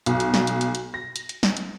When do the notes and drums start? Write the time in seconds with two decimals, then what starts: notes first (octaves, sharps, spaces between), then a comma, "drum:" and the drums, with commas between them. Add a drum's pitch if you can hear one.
0.06 B1, drum: hi-hat
0.20 drum: hi-hat
0.34 drum: snare
0.47 drum: hi-hat
0.61 drum: hi-hat
0.75 drum: hi-hat
0.94 A#6
1.16 drum: hi-hat
1.29 drum: hi-hat
1.43 drum: snare
1.57 drum: hi-hat